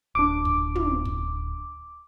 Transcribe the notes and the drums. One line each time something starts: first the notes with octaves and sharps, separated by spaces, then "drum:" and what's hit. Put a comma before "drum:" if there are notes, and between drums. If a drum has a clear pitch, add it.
D1 D4 D6
drum: kick
drum: tom
drum: kick